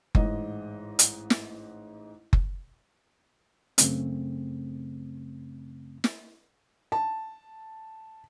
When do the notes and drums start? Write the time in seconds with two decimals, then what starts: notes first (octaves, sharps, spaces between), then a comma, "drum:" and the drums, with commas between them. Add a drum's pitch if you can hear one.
0.15 A1 G#2 D#5, drum: kick F#1
0.99 drum: hi-hat
1.30 drum: snare
2.33 drum: kick F#1
3.78 F#2 C#3 A3 C4, drum: hi-hat
6.04 drum: snare
6.92 A5